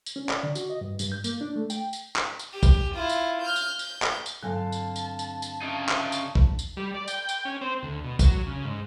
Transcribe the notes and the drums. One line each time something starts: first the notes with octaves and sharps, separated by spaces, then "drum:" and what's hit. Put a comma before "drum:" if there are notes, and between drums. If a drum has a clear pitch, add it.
drum: tambourine
C#4
D5, drum: clap
D3
F#4, drum: tambourine
D#5
G2
G2, drum: tambourine
G6
A#3, drum: tambourine
D4
A3
G5, drum: tambourine
drum: tambourine
drum: clap
drum: tambourine
G4
drum: kick A#1, tambourine
E4 F4
drum: tambourine
F6 G6
drum: tambourine
G6, drum: tambourine
drum: clap
drum: tambourine
G2 D3 F#3 C4 F5 A5
drum: tambourine
drum: tambourine
drum: tambourine
drum: tambourine
C#3 D#4
drum: clap
drum: tambourine
drum: kick A#1
drum: tambourine
G3
D5
G5, drum: tambourine
drum: tambourine
C#4
C4
D2
B2
F#3, drum: kick A#1, tambourine
C#3
G#2